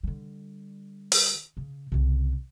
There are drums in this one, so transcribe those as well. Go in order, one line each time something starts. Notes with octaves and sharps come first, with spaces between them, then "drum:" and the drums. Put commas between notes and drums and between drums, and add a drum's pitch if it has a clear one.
D3 G3
drum: open hi-hat
C#3
C2 C#3